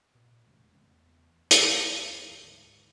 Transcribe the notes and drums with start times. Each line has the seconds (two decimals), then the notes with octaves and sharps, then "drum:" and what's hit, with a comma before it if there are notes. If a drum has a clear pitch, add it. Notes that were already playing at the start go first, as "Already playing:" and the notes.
0.15 A#2
0.47 E2 C#3 G#3 A3
0.74 E2 A3
1.51 E2 F#3 A3 A#3, drum: hi-hat
2.29 D2 G#2 D3 D#3